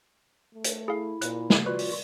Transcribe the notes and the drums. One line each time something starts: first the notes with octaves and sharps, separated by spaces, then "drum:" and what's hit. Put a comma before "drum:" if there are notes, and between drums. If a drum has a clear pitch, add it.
A3
drum: hi-hat
E4 G#4 F5
A#2 F#6, drum: hi-hat
drum: snare
F4 F#4 B4 D5
drum: open hi-hat